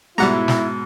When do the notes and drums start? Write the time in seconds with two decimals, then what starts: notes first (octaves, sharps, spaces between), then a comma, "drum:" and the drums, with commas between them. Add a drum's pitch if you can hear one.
0.18 G#2 B2 G3 E4 F#5 A#5
0.48 drum: snare